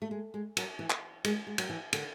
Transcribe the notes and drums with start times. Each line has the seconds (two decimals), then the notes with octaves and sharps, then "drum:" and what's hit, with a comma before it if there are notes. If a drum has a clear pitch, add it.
0.02 A3
0.11 G#3
0.34 G#3
0.57 F#3, drum: cymbal
0.79 E3
0.90 drum: clap
1.24 G#3, drum: cymbal
1.47 G#3
1.58 F#3, drum: cymbal
1.69 E3
1.93 D3, drum: cymbal